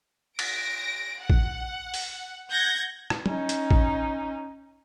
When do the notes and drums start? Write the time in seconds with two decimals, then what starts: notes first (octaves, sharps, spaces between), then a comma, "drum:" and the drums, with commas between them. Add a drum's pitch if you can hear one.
0.39 A#6 D7, drum: cymbal
1.20 F#5
1.30 drum: kick A1
1.94 drum: open hi-hat
2.50 F#5 G6 G#6 A#6
3.10 drum: rim click
3.26 C#4 D#4, drum: tom
3.49 drum: hi-hat
3.71 drum: kick A1